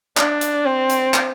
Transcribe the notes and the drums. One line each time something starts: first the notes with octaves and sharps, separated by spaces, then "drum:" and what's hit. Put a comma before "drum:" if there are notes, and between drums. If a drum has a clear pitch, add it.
D4, drum: clap
drum: hi-hat
C4
drum: hi-hat
drum: clap